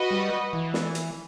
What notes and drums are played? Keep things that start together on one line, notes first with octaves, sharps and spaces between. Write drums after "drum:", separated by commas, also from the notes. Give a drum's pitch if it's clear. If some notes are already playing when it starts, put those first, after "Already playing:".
Already playing: F#4 B4 D#5
G3
E3
drum: snare
drum: hi-hat